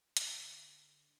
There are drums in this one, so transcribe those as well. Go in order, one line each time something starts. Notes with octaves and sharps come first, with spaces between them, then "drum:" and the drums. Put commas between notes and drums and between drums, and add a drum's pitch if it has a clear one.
D3, drum: hi-hat